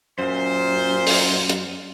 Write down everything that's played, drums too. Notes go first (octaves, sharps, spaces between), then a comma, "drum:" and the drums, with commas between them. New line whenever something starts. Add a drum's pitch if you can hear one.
F#2 A#2 C5
drum: open hi-hat
drum: hi-hat